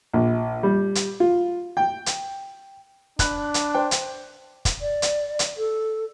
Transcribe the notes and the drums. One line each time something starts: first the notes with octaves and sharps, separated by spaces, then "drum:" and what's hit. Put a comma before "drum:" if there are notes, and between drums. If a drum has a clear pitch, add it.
A#1
G3
drum: hi-hat
F4
G5
drum: hi-hat
D4 B5 F#6, drum: kick, hi-hat
drum: hi-hat
C5 G5
drum: hi-hat
drum: kick, hi-hat
D5
drum: hi-hat
drum: hi-hat
A4